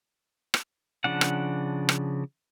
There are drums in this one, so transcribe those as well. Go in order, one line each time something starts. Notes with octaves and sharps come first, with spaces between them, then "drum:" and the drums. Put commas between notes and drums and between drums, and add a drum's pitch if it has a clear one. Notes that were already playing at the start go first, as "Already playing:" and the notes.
drum: rim click
C#3 F3 D4 F#5
drum: rim click
drum: rim click